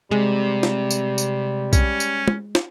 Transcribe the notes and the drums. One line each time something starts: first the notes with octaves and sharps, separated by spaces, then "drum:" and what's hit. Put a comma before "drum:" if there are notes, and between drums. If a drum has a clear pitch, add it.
C3 G3 G#3
drum: snare
drum: tambourine
drum: tambourine
C#4, drum: kick B1, tambourine
drum: tambourine
drum: tom
drum: snare